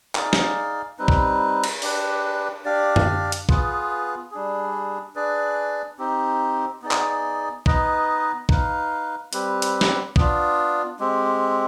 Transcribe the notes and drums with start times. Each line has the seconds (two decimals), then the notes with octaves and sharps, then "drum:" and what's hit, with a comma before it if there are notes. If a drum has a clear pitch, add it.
0.15 D#4 G#4 D5 F5, drum: clap
0.33 drum: snare
0.99 G3 C4 D#4 B4
1.08 drum: kick
1.64 drum: cymbal
1.82 D4 G4 B4, drum: open hi-hat
2.65 D4 G4 D5 F5
2.96 drum: tom F#2
3.32 drum: hi-hat
3.49 B3 F4 G#4 B4, drum: kick
4.31 G3 D4 G#4
5.15 D4 G#4 B4 D5
5.98 C4 D#4 G4
6.82 B3 D#4 G#4 D5
6.91 drum: clap
7.66 B3 D#4 B4 D#5, drum: kick
8.49 D#4 B4 F5, drum: kick
9.33 G3 C4 G4 B4, drum: hi-hat
9.62 drum: hi-hat
9.81 drum: snare
10.16 B3 D4 F4, drum: kick
11.00 G#3 C4 G4